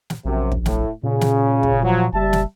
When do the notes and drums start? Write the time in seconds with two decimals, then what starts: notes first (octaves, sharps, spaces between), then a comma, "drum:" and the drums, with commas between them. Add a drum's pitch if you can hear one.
0.10 drum: snare
0.25 A#1 F#2 C3
0.52 drum: kick
0.66 A2, drum: snare
1.03 A#2 C#3
1.21 drum: snare
1.63 drum: kick
1.83 F3 F#3
2.13 F#1 G3 E5 A5
2.33 drum: snare